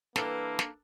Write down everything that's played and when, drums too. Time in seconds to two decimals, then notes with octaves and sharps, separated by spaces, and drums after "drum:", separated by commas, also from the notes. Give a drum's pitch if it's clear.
0.16 E3 G3 A#3 D4 E4 A4 A#4, drum: snare
0.59 drum: snare